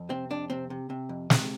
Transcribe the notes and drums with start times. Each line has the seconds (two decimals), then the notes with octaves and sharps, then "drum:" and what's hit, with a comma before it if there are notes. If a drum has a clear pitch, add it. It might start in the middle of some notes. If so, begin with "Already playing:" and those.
Already playing: F2
0.09 C3 C4
0.30 F2 D4
0.50 C3 C4
0.70 C3
0.90 C3
1.09 F2
1.30 C3, drum: snare